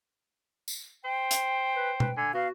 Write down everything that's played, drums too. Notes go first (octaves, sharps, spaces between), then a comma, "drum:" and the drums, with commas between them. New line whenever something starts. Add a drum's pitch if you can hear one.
drum: tambourine
C5 G5
drum: hi-hat
B4
B4, drum: tom B2
D3 G#5
B3 F#4 F5